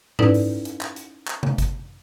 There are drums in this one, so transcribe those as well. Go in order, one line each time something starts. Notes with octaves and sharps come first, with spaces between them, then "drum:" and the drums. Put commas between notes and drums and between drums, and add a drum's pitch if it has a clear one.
C#4 D#4 E4 A4 B4 D5, drum: tom G#2
drum: open hi-hat
drum: hi-hat
drum: clap
drum: hi-hat
drum: clap
drum: tom C3
drum: kick G1, hi-hat